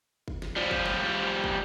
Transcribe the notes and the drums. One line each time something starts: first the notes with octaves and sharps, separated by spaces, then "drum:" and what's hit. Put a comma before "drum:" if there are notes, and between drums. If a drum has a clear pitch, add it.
drum: kick
drum: snare
F3 G3
drum: kick
drum: snare
drum: kick